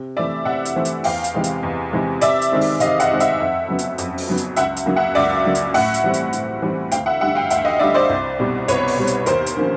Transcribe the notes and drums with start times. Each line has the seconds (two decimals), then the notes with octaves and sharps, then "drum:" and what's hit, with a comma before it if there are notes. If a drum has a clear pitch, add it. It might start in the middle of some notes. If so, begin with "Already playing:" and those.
Already playing: C3
0.16 E3 A3 C4 D5 E5
0.45 C3 E5 F#5
0.65 drum: hi-hat
0.76 E3 A3 C4
0.85 drum: hi-hat
1.04 E2 F5 G5, drum: open hi-hat
1.24 drum: hi-hat
1.34 C3 E3 G#3
1.44 drum: hi-hat
1.63 E2
1.92 C3 E3 G#3
2.21 C3 D5 E5, drum: hi-hat
2.42 drum: hi-hat
2.52 D#3 G#3 C4
2.61 drum: open hi-hat
2.80 C3 D#5 F5, drum: hi-hat
3.00 E5 F#5, drum: hi-hat
3.11 D#3 G#3 C4
3.20 E5 F#5, drum: hi-hat
3.40 F2
3.68 C#3 F#3 B3
3.79 drum: hi-hat
3.98 F2, drum: hi-hat
4.18 drum: open hi-hat
4.28 C#3 F#3 B3
4.37 drum: hi-hat
4.56 C#2 E5 F#5, drum: hi-hat
4.77 drum: hi-hat
4.86 C#3 F#3 A#3
4.96 E5 F#5
5.15 C#2 D5 E5
5.45 C#3 F#3 A#3
5.55 drum: hi-hat
5.74 A2 E5 F#5, drum: open hi-hat
5.94 drum: hi-hat
6.04 E3 G3 C4
6.14 drum: hi-hat
6.33 A2, drum: hi-hat
6.62 E3 G3 C4
6.92 D2 F5 G5, drum: hi-hat
7.06 E5 F#5
7.21 D3 G3 E5 F#5
7.35 F5 G5
7.50 D2 E5 F#5, drum: hi-hat
7.65 D#5 F5
7.79 D3 G3 D5 E5
7.94 C5 D5
8.09 C2
8.39 B2 G3 C4
8.68 C2 B4 C#5, drum: hi-hat
8.88 drum: open hi-hat
8.97 B2 G3 C4
9.07 drum: hi-hat
9.26 D#2 A#4 C5, drum: hi-hat
9.46 drum: hi-hat
9.57 D3 F3 A#3 C#4